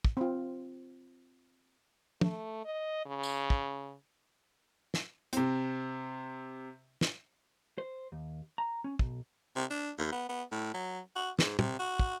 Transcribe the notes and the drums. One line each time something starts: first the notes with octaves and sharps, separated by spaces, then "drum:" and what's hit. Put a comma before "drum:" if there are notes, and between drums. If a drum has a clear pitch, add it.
drum: kick
C4 F4
A3, drum: tom
D#5
C#3
drum: tambourine
drum: kick
drum: snare
C3 C4, drum: hi-hat
drum: snare
C5
D#2
A#5
C#4
B1, drum: kick
C3
D4
D#2
B3
B3
A2
F#3
F#4
G#2, drum: snare
C3, drum: tom
F#4
drum: kick